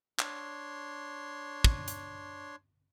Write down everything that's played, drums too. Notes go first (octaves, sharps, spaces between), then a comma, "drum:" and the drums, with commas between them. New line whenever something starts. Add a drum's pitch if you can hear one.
D4 C#5 C6, drum: clap
drum: kick
drum: hi-hat